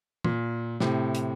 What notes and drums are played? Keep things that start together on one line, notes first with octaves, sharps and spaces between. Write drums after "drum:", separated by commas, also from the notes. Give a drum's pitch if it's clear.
A#2, drum: tom
A2 C3, drum: snare
drum: hi-hat